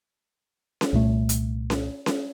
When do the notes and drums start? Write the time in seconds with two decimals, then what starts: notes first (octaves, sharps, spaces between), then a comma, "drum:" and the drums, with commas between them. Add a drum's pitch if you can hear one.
0.81 drum: snare C#4
0.93 C2 A#2 A3
1.29 drum: hi-hat
1.70 drum: snare C#4
2.06 drum: snare C#4